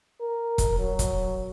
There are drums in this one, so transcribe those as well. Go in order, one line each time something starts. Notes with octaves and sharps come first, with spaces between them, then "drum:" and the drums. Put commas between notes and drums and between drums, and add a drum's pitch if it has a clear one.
A#4
drum: kick E1, hi-hat
F#3
drum: kick E1, hi-hat